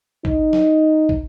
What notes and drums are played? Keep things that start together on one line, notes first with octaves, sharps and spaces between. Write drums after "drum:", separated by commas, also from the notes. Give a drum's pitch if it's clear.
D#4, drum: kick
drum: snare
drum: kick